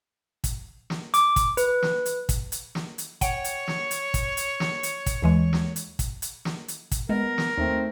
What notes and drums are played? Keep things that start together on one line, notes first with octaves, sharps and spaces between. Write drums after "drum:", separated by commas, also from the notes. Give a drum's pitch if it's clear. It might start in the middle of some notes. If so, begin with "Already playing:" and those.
drum: kick, hi-hat
drum: snare
D6, drum: hi-hat
drum: kick, hi-hat
B4, drum: hi-hat
drum: snare
drum: hi-hat
drum: kick, hi-hat
drum: hi-hat
drum: snare
drum: hi-hat
C#5 F#5 G5 D7, drum: kick, hi-hat
drum: hi-hat
drum: snare
drum: hi-hat
drum: kick, hi-hat
drum: hi-hat
drum: snare
drum: hi-hat
drum: kick, hi-hat
D#2 E3 G#3
drum: snare
drum: hi-hat
drum: kick, hi-hat
drum: hi-hat
drum: snare
drum: hi-hat
drum: kick, hi-hat
G#3 B3 A#4
drum: snare
D#2 A3 C4 D#4